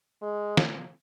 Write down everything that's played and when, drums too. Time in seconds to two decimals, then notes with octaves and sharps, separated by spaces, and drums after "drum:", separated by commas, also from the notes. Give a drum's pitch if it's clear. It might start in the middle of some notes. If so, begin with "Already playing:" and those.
0.22 G#3
0.57 drum: snare